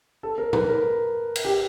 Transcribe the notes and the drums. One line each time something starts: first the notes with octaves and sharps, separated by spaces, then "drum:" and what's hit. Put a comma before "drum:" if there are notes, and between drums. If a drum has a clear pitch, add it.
A4
A#4
B4, drum: tom
A#4
drum: cymbal
G4